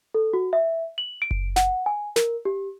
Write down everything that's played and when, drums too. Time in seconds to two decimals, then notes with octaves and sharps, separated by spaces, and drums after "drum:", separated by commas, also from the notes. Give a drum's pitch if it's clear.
0.14 A4
0.33 F#4
0.53 E5
0.98 F#7
1.22 D7
1.31 drum: kick F#1
1.56 F#5, drum: snare
1.86 G#5
2.16 A#4, drum: snare
2.45 G4